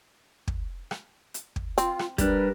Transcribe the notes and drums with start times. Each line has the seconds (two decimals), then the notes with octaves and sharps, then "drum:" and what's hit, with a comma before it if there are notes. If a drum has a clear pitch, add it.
0.48 drum: kick
0.91 drum: rim click
1.34 drum: hi-hat
1.56 drum: kick
1.78 C4 F4, drum: hi-hat
1.99 drum: rim click
2.18 G3 D4 A#4 B4, drum: kick, hi-hat